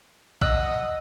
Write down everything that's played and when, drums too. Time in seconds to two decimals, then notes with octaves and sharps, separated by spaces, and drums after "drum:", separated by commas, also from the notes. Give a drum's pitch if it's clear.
0.41 D#5 F#5 E6, drum: kick B1